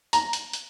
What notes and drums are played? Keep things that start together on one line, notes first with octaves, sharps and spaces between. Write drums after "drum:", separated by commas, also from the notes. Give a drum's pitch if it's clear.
A#5, drum: hi-hat
drum: hi-hat
drum: hi-hat